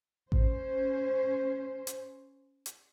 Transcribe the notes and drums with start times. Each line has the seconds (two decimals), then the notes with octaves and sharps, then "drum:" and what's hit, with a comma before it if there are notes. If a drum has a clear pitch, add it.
0.32 C#4 C5, drum: kick A1
1.87 drum: hi-hat
2.66 drum: hi-hat